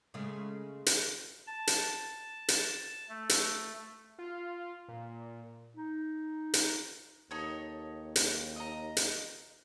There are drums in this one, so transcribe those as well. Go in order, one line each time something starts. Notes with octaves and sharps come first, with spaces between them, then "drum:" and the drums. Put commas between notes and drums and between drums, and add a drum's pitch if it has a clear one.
C#3 G#3 A3
drum: hi-hat
A5
drum: hi-hat
drum: hi-hat
A3
drum: hi-hat
F4
A#2
D#4
drum: hi-hat
D#2 D#4 A4 C#5
drum: hi-hat
D#5 A#5
drum: hi-hat